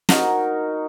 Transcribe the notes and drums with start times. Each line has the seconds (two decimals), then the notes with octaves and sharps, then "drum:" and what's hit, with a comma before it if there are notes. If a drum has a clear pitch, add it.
0.09 D#4 F#4 A#4, drum: snare